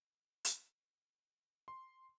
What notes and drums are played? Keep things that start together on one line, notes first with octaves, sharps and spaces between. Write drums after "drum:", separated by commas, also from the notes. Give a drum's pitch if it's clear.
drum: hi-hat
C6